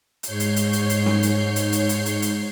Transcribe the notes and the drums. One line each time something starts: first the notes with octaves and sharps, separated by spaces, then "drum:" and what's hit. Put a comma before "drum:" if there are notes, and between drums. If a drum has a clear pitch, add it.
G#2 C#5 G6 C7, drum: hi-hat
drum: hi-hat
drum: hi-hat
drum: hi-hat
drum: hi-hat
drum: snare
drum: hi-hat
drum: hi-hat
drum: hi-hat
drum: hi-hat
drum: hi-hat
drum: hi-hat